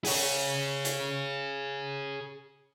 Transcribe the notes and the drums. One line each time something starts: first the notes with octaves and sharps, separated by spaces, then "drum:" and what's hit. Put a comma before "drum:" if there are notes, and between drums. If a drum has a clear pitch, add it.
G#4 C#5, drum: open hi-hat
drum: hi-hat